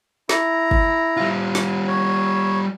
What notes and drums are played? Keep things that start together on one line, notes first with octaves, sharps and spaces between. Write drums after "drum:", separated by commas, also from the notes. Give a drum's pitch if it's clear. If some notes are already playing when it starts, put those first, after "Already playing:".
E4 A#5, drum: snare
drum: kick
G3 F4
drum: snare
C#5